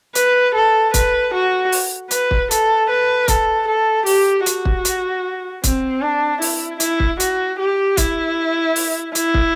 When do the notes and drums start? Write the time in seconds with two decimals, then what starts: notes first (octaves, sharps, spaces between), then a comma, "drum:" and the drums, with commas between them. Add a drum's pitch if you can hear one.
0.15 B4, drum: hi-hat
0.55 A4
0.94 B4, drum: kick, hi-hat
1.34 F#4
1.72 drum: open hi-hat
2.11 B4, drum: hi-hat
2.31 drum: kick
2.51 A4, drum: hi-hat
2.90 B4
3.28 A4, drum: kick, hi-hat
3.68 A4
4.06 G4, drum: open hi-hat
4.46 F#4, drum: hi-hat
4.65 drum: kick
4.85 drum: hi-hat
5.64 C4, drum: kick, hi-hat
6.02 D4
6.42 E4, drum: open hi-hat
6.80 E4, drum: hi-hat
7.00 drum: kick
7.20 F#4, drum: hi-hat
7.59 G4
7.97 E4, drum: kick, hi-hat
8.76 drum: open hi-hat
9.15 E4, drum: hi-hat
9.34 drum: kick